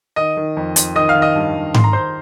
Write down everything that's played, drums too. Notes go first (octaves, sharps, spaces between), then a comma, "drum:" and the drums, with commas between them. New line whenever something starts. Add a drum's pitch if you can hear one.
D#3 D#5 D#6
D#3
F2
F2, drum: hi-hat
D#3 D#5 D#6
F5 F6
D#3
D#5 D#6
G2
G2
D#3 C6, drum: tom G#2
A#5
D#3 C5 C6